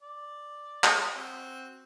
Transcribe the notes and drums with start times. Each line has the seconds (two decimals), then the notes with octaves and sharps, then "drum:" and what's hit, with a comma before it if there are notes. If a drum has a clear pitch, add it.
0.02 D5
0.84 drum: clap
1.09 C4 F#4